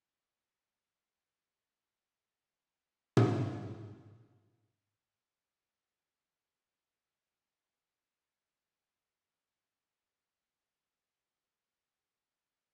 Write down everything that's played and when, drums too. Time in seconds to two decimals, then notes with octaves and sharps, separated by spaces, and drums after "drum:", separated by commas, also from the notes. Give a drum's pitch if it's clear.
0.16 G#5
0.51 B5
0.85 D6
2.24 D6
3.17 drum: tom
4.33 D6
5.71 D#6
6.06 B5
6.40 A#5
7.79 G#5
9.18 D5
9.53 B4
11.27 A#4
11.62 G#4
11.96 G#4
12.31 B4